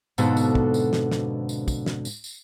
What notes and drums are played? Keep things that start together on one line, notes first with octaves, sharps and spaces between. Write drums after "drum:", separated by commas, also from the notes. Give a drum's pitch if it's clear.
F2 G#2 B2 D3 F#4 A4, drum: tambourine
drum: tambourine
drum: kick
drum: tambourine
drum: snare
drum: snare
drum: tambourine
drum: kick, tambourine
drum: snare
drum: tambourine
drum: tambourine